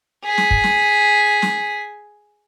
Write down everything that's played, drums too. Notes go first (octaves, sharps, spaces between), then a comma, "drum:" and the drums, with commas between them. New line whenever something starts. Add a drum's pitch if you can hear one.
G#4 B6
drum: snare
drum: kick
drum: snare
drum: snare